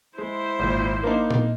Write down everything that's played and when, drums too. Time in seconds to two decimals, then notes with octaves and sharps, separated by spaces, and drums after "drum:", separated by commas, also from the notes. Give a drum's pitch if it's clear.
0.18 G#3 E4 C5
0.59 G#1 A#2
1.03 A#3 D4 D#4 A#4
1.31 drum: tom A#2